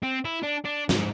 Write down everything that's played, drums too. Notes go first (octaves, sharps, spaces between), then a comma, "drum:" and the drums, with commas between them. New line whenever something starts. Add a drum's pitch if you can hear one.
C4
E4
D4
D4
G#2, drum: snare